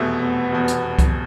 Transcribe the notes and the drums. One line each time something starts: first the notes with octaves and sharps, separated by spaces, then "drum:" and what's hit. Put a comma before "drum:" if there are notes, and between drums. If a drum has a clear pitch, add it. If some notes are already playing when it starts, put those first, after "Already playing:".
Already playing: F1 E2 B2 A3
B3
F1 E2 B2
drum: hi-hat
drum: kick C2, hi-hat